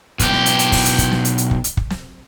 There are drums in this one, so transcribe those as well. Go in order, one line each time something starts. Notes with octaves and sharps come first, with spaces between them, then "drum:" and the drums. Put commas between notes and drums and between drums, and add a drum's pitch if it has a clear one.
B1 G4, drum: kick, hi-hat
drum: snare
drum: hi-hat
drum: hi-hat
drum: kick, open hi-hat
drum: hi-hat
drum: kick, hi-hat
drum: snare
drum: hi-hat
drum: hi-hat
drum: kick
drum: hi-hat
drum: kick
drum: snare